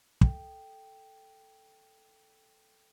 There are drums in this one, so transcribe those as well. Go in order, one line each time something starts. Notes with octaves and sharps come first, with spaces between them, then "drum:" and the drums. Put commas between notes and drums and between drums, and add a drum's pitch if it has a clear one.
A4 G5, drum: kick